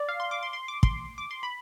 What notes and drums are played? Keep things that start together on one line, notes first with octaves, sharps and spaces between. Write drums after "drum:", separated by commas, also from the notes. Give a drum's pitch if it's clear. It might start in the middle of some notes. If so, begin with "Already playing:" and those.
Already playing: D5
F5
C6
D6
C6
C6
D6
C6, drum: kick
D6
C6
B5